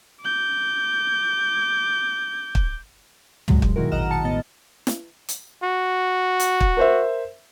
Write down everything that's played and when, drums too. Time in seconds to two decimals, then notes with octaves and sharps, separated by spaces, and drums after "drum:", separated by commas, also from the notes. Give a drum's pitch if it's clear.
0.22 D6 G6
2.55 drum: kick
3.48 E2 G2 A#2 F#3 G#3, drum: tom
3.62 D#2, drum: kick
3.76 B2 D#3 G#3 E4 F#4 A#4
3.92 A1 D#5 F#5 A#5 F6 E7
4.10 D#3 A5 C#7
4.24 A2 B3 D#5 A6
4.87 drum: snare
5.29 drum: hi-hat
5.63 F#4
6.40 drum: hi-hat
6.61 drum: kick
6.77 A#4 C5 E5